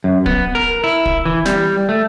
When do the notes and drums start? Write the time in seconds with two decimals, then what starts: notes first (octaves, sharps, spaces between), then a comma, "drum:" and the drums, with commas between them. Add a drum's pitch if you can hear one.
0.04 F#2
0.26 B3, drum: kick
0.55 A#4
0.84 E4
1.06 drum: kick
1.25 E3
1.45 G3, drum: snare
1.89 A3